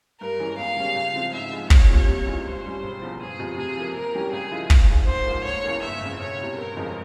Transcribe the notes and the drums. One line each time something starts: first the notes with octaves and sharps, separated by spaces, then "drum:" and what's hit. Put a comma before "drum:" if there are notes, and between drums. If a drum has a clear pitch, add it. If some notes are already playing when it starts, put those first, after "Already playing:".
G2 A#4
E3 G#3 C#4
E2 F5
C#3 G3 C#4
C#2
C#3 F3 C4
G#2 E5
F3 G#3
A#1 C#5, drum: kick
A#2 G3 C4 F4
C3
E3 G#3 C#4 F4
G2 C5
G3 C#4
E1
E2 C#3 F3
G1 G#4
F2 C3 F3
C3 G#4
F3 A#3
C3 A#4
E3 G3 C#4 G4
C#2 G#4
C#3 F3 G#3 E4
G#1, drum: kick
G#2 F3 G#3
G#1 C5
G#2 F3 A#3
F1 C#5
E2 C#3 E3 A#3
G1 E5
F2 C#3
E1 C#5
E2 C3
G1 A#4
F2 C#3 F3 G#3